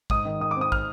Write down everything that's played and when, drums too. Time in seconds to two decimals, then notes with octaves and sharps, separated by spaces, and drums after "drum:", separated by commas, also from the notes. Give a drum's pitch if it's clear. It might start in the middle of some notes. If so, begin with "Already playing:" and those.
0.10 G#2 D#6, drum: kick
0.25 D#3
0.40 D#3 D#6
0.51 D6
0.56 C4
0.61 D#6
0.72 F6, drum: kick